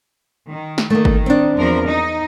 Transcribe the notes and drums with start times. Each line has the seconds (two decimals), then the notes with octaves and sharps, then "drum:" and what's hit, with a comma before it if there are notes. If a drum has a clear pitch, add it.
0.51 D#3
0.78 drum: snare
0.90 D#3 A3 A#3
1.05 drum: kick G1
1.26 C4 D4
1.57 E2 F3 A#4
1.87 D#4 D#5